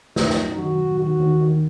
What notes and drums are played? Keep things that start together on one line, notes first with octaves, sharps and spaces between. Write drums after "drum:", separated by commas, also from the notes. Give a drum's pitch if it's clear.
D#4, drum: snare
F#2 F#3, drum: snare
F#2 F#3
D#2 D#3 F#4
B2
A2
D#2 D#3 F#4
D#2 D#3
E3
D#2 D#3